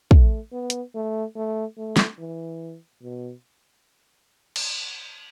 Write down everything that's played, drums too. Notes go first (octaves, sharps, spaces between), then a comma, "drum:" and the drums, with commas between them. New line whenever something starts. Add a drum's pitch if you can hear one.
A3, drum: kick
B3
drum: hi-hat
A3
A3
A3
drum: snare
E3
B2
drum: cymbal